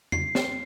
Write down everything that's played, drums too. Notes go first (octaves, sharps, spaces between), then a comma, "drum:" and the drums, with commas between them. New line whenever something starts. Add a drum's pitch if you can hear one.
C7, drum: tom E2
drum: snare